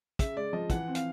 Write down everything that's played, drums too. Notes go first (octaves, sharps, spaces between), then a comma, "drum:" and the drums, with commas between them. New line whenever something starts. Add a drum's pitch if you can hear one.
C#3 E5, drum: kick, hi-hat
G#3 D5
F3 D#5
E3 F#5, drum: kick, hi-hat
C4
F5, drum: hi-hat